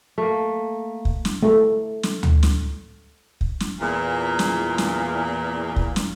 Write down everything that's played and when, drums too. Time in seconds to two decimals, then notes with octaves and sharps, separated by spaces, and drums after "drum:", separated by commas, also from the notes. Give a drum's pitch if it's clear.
0.18 A3 A#3
1.05 drum: kick
1.25 drum: snare
1.43 A3 A4
2.03 drum: snare
2.23 drum: tom D2
2.43 drum: snare
3.41 drum: kick
3.60 drum: snare
3.80 E2 A#2
4.39 drum: snare
4.78 drum: snare
5.76 drum: kick
5.96 drum: snare